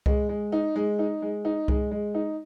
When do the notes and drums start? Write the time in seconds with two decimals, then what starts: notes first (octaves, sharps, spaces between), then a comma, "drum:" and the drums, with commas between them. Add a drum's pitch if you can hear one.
0.06 G#3, drum: kick C2
0.29 G#3
0.52 D#4
0.76 G#3
0.99 D#4
1.22 G#3
1.45 D#4
1.68 G#3, drum: kick C2
1.91 G#3
2.14 D#4